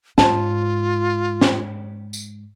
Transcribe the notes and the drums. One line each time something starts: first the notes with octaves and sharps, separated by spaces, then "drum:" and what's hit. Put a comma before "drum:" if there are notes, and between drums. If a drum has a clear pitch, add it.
G#2 F4 A5, drum: snare
drum: snare
drum: tambourine